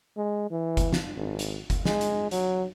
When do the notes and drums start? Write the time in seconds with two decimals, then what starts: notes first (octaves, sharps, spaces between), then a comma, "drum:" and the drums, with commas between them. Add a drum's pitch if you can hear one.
0.17 G#3
0.51 E3
0.77 drum: kick F#1, hi-hat
0.93 drum: snare
1.17 G#1
1.39 drum: hi-hat
1.70 drum: kick F#1, hi-hat
1.85 G#3, drum: snare
2.01 drum: hi-hat
2.31 F#3, drum: hi-hat